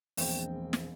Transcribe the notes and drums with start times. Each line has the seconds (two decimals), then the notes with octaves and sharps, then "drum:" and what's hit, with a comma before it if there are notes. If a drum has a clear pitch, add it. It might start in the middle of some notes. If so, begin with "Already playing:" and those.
0.17 E1 A#1 C4 G5, drum: open hi-hat
0.73 drum: snare